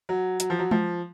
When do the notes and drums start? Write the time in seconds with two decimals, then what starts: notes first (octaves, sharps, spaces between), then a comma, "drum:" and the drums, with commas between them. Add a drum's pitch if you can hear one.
0.09 F#3
0.40 F#3, drum: hi-hat
0.50 F3
0.59 F#3
0.71 F3, drum: tom G#3